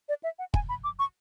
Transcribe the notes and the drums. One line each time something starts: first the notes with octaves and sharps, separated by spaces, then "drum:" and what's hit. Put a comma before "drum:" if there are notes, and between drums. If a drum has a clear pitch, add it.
D5
E5
F#5
G#5, drum: kick
B5
D6
C#6